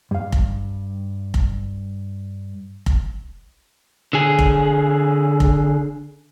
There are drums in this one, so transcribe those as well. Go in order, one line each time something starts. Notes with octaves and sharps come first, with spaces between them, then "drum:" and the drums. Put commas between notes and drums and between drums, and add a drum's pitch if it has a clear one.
G2 F5
drum: kick F1
drum: kick F1
drum: kick F1
D3 G#4
drum: kick F1
drum: kick F1